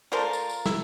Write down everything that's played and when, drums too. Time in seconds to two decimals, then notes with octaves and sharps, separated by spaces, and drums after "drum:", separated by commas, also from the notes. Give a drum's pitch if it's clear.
0.12 A3 F4 A#4 C5 D5 A5
0.33 drum: tambourine
0.49 drum: tambourine
0.66 E4, drum: snare